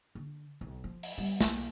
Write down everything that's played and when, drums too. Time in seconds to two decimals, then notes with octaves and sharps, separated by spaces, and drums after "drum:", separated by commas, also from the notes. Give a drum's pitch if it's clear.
0.15 D3
0.61 B1
0.84 F3
1.03 drum: open hi-hat
1.18 G3 B3
1.41 B1 A#3, drum: snare